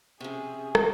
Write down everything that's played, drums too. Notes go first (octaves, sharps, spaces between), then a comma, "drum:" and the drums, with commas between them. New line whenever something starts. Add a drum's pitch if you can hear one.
C3 F3 C#4 G#4 G#5
drum: rim click